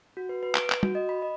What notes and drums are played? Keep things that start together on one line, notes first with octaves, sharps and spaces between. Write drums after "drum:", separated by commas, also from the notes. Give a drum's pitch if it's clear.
F#4
B4
B4
D7, drum: clap
drum: clap
F#4, drum: tom
D#5
B5
D#5